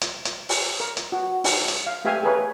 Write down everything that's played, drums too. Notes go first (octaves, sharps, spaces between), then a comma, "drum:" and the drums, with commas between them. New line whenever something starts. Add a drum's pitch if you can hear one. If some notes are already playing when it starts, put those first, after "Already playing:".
drum: hi-hat
drum: hi-hat
drum: open hi-hat
A#4
drum: hi-hat
F#4
D#4, drum: open hi-hat
drum: hi-hat
F5
A3 G4 E5 F5 G#5
G#4 A#4 B4 C#5